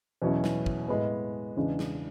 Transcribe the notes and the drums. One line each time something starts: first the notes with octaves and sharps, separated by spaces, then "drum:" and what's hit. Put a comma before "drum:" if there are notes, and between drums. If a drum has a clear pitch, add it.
E2 B2 F#3 C#4 E4
drum: snare
drum: kick
A2 G#3 B3
E2 C#3 G#3 D4
drum: snare